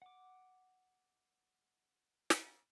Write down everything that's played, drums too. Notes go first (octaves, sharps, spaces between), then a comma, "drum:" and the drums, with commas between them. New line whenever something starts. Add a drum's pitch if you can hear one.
F#5 D6
drum: snare